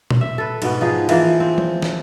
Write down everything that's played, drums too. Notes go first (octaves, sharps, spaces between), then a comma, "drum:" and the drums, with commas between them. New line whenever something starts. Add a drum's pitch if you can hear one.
drum: tom A#2
E5
A4 B4
G#2 B2 B3, drum: cymbal
F3 D#4 G#4
E3 F3 A#3, drum: cymbal
C4
drum: tom F3
drum: snare